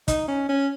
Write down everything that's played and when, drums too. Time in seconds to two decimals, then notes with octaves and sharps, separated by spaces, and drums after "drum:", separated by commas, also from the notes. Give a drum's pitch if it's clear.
0.08 D#4, drum: kick, hi-hat
0.28 C#4
0.49 C#4